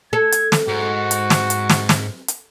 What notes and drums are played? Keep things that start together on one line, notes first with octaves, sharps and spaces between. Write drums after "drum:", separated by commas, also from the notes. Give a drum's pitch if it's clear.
A4 G#6
drum: hi-hat
drum: snare
G#2 F#4
drum: hi-hat
drum: snare
drum: hi-hat
drum: snare
drum: snare
drum: hi-hat